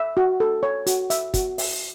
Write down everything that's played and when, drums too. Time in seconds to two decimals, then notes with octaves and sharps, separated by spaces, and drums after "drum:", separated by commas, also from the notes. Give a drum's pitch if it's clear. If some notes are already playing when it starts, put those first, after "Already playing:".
Already playing: E5
0.17 F#4
0.40 A4
0.63 C#5
0.87 F#4, drum: hi-hat
1.10 E5, drum: hi-hat
1.34 F#4, drum: kick, hi-hat
1.58 E5, drum: open hi-hat